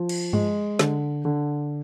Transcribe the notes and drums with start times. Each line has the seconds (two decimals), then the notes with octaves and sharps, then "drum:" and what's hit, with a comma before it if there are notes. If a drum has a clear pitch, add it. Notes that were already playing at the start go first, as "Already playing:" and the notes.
Already playing: F3
0.09 drum: cymbal
0.33 G#3, drum: tom G2
0.79 D3, drum: snare
1.25 D3